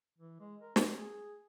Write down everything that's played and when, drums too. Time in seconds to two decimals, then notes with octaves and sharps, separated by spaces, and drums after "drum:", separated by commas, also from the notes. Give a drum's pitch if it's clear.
0.18 E3
0.40 G#3
0.61 A#4
0.76 C4, drum: snare
0.97 G#4